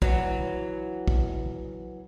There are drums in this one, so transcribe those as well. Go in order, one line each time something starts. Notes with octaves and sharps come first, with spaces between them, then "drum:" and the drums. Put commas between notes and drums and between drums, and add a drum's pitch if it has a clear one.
E3 F#3, drum: kick
drum: kick